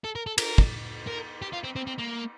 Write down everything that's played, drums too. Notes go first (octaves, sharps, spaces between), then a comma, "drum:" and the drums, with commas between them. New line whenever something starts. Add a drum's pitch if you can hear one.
A4
A#4
A4
A#4, drum: cymbal
drum: kick
A#4
G4
F4
C4
C4
C4
A#3